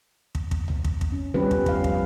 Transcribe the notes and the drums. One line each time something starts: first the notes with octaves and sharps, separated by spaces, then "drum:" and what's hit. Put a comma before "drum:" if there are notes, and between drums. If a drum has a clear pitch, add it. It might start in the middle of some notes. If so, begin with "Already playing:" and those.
drum: kick
drum: kick
drum: tom C#2
drum: kick
drum: kick
C#4
G3 B3 C#4 F4 G4 B4
drum: kick
F3 F5, drum: kick
drum: kick